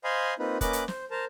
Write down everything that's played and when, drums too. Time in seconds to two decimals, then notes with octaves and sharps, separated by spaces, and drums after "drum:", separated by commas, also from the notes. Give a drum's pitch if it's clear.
0.04 C5 D#5 F5 G#5 B5 C6
0.39 A#3 C4 D#4 F4 B4
0.61 A#3 C#4 B4 D#5 D6 F#6, drum: kick F1, hi-hat
0.73 drum: hi-hat
0.88 C5, drum: snare
1.11 A#4 C5 A5